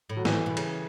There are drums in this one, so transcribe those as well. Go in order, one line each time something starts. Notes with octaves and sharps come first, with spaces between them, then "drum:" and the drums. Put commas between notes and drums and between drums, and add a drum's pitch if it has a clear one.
A2
F#3
A2 E3, drum: snare
B2
C#3, drum: cymbal